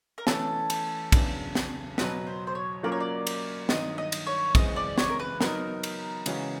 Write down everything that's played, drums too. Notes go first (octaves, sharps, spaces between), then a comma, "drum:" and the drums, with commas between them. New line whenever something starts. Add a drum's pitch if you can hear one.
A#4
E3 A3 C#4 A4, drum: snare
drum: cymbal
E2 C#3 F#3 B3 D4, drum: kick, cymbal
drum: snare
B2 F#3 B3 B4, drum: snare
C5
C5
C#5
F#3 A#3 C#4 F4 A#4 D5
C#5
D5
drum: cymbal
G2 D#3 F#3 D#5, drum: snare
D#5
drum: cymbal
C#5
F#2 C#3 E3 G#3 C4 D#5, drum: kick, cymbal
D5
C#5, drum: snare
A#4
B4
F#3 B3 D#4 A#4, drum: snare
drum: cymbal
C#3 E3 G#3 C#4 F#4, drum: cymbal